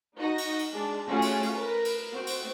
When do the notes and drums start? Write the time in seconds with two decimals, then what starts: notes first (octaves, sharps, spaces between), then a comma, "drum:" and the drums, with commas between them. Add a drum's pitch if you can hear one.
0.17 D#4 F#4 D#5
0.38 drum: cymbal
0.59 drum: cymbal
0.71 G#3 D4
1.08 A3 C#4 F4 F#4 G#4
1.22 drum: cymbal
1.43 drum: cymbal
1.55 A#4 B4
1.85 drum: cymbal
2.13 C4 F#4
2.27 drum: cymbal